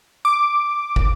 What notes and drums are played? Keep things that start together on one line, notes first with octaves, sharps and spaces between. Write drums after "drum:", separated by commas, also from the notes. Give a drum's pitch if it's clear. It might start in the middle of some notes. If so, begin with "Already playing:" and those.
D6
drum: kick